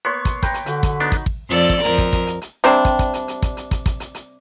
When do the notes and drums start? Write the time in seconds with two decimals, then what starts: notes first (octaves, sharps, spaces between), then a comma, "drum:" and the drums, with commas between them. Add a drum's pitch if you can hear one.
0.05 A#3 B3 C#5 C6 C#6
0.25 drum: kick, hi-hat
0.43 B4 G5 A#5, drum: kick, hi-hat
0.54 drum: hi-hat
0.66 D3 F#4 B5, drum: hi-hat
0.83 drum: kick, hi-hat
1.00 B3 D4 D#4
1.12 drum: kick, hi-hat
1.26 drum: kick
1.49 F2 A4 D5
1.69 drum: kick
1.84 F2 A#4, drum: hi-hat
1.98 drum: kick, hi-hat
2.13 drum: kick, hi-hat
2.27 drum: hi-hat
2.42 drum: hi-hat
2.64 C3 G3 C4 D4
2.85 drum: kick, hi-hat
2.99 drum: kick, hi-hat
3.14 drum: hi-hat
3.28 drum: hi-hat
3.42 drum: kick, hi-hat
3.57 drum: hi-hat
3.71 drum: kick, hi-hat
3.86 drum: kick, hi-hat
4.00 drum: hi-hat
4.15 drum: hi-hat